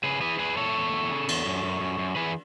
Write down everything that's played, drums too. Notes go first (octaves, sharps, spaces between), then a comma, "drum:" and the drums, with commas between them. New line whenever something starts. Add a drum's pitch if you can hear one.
C#3 G#4 B4
E3 G#4 B4
E2 G#4 B4
E2 A4 C#5
E2
E2
C#3
E2, drum: cymbal
F#2
F#2
F#2
F#2
E3 G#4 B4